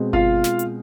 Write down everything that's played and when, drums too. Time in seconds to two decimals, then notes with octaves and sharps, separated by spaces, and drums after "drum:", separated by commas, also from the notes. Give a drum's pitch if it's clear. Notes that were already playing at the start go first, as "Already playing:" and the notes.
Already playing: B2 G#3 C4
0.13 F4 F5, drum: kick G1
0.44 drum: snare
0.59 drum: hi-hat